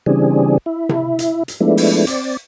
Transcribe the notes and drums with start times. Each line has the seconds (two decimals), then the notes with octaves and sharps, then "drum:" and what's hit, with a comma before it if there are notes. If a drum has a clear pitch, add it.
0.06 C#3 E3 G3 C4 D4 G#4
0.66 E4
0.89 drum: tom C3
1.19 drum: hi-hat
1.48 drum: hi-hat
1.60 F3 G#3 A3 B3 D4 E4
1.77 drum: open hi-hat
2.07 C4 D5, drum: hi-hat